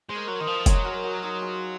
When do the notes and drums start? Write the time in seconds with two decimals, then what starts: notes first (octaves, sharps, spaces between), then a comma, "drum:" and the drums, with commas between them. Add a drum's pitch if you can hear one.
0.09 G#3 C5
0.15 A#4 C#5
0.28 F#3
0.40 D#3 C5 D#5
0.47 F3
0.66 F#3 G#4 C5, drum: kick F1, hi-hat
0.85 F#4 A#4
1.03 F#4 A#4
1.23 D#4 F#4
1.42 F4 G#4